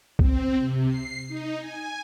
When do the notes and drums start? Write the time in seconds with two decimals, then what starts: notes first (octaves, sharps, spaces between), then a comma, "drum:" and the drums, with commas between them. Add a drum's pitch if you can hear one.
0.19 C4, drum: kick
0.58 C3
0.87 C7
1.28 D#4
1.58 G#5